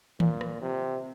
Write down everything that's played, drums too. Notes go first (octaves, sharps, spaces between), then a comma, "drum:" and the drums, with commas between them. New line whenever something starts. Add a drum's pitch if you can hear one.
A#2, drum: tom D#3
drum: rim click
C3